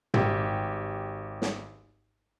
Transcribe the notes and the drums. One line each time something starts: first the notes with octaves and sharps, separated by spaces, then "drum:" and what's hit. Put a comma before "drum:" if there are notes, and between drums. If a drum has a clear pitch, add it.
G#1 G4, drum: tom
drum: snare